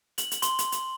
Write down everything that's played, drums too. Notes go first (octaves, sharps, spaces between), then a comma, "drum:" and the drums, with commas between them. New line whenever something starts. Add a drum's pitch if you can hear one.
F#7, drum: hi-hat
drum: hi-hat
C6, drum: hi-hat
drum: hi-hat
drum: hi-hat